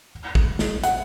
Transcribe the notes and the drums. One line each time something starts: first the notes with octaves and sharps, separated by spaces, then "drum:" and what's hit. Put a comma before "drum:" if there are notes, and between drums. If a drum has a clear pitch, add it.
drum: kick
drum: snare
F#5, drum: hi-hat